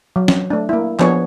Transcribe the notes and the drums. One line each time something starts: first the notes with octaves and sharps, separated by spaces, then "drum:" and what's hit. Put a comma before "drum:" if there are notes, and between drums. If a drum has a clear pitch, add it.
F#3
drum: snare
A3 D4
A#3 E4
F3 B3 D4 G#4 C#5, drum: clap